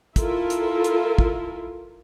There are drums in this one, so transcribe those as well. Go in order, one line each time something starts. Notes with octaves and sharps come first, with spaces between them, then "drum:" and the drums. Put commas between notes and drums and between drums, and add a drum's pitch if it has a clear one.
E4 F4 A4 A#4, drum: kick, hi-hat
drum: hi-hat
drum: hi-hat
drum: kick